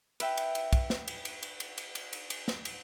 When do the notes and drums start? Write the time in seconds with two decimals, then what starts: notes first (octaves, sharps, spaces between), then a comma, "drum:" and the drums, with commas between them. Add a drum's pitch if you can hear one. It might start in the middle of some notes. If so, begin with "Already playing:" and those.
0.20 B4 E5 G5, drum: cymbal
0.38 drum: cymbal
0.55 drum: cymbal
0.73 drum: kick, cymbal
0.90 drum: snare
1.08 drum: cymbal
1.25 drum: cymbal
1.43 drum: cymbal
1.60 drum: cymbal
1.78 drum: cymbal
1.95 drum: cymbal
2.13 drum: cymbal
2.30 drum: cymbal
2.48 drum: snare
2.65 drum: cymbal